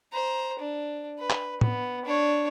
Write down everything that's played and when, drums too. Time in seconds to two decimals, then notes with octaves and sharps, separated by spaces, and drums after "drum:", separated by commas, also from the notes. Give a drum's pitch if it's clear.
0.13 C5 A#5
0.59 D4
1.19 B4
1.30 drum: clap
1.61 B3, drum: tom A2
2.05 D4 C#5